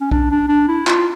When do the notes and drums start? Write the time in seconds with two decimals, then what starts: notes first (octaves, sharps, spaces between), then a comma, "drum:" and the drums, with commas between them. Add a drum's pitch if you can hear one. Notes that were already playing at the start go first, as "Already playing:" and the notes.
0.01 C#4
0.11 D4, drum: kick
0.31 D4
0.48 D4
0.68 E4
0.87 F4, drum: clap